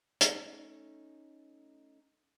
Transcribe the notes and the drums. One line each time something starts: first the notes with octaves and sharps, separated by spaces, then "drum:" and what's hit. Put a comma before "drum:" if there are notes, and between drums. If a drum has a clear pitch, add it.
A3 C#4 D#4, drum: hi-hat